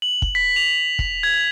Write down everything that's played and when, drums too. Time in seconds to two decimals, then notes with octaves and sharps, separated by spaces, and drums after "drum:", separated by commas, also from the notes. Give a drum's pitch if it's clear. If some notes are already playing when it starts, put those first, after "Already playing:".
0.02 F#7
0.22 drum: kick
0.35 B6
0.56 F7
0.99 drum: kick
1.23 G#6